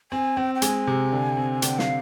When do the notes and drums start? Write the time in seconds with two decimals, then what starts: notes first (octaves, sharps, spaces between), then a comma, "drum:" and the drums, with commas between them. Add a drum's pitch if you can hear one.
0.12 C4 G#5
0.37 C4 G5
0.55 G5
0.62 G#3 G#5, drum: hi-hat
0.87 C3
1.12 D3
1.37 C4
1.62 D3 G5, drum: hi-hat
1.79 F5, drum: snare